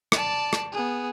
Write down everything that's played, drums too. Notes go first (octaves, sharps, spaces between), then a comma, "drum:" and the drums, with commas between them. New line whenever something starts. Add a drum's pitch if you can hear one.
D5 A5, drum: rim click
drum: rim click
B3 G#4